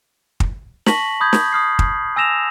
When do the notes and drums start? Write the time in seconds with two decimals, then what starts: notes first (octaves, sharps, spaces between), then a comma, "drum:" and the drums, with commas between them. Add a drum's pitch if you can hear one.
0.40 drum: kick
0.86 A5 C#6 A#6 B6 F#7, drum: snare
1.20 B5 D#6 G6 G#6
1.33 drum: snare
1.52 D#6 F6 C7
1.79 drum: kick
2.16 G#5 E6 A#6 E7 F7